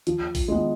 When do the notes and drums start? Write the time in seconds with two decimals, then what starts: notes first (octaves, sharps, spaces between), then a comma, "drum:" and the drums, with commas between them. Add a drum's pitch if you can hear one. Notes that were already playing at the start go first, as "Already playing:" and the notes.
0.07 F3, drum: hi-hat
0.35 drum: kick A#1, open hi-hat
0.48 G#3 B3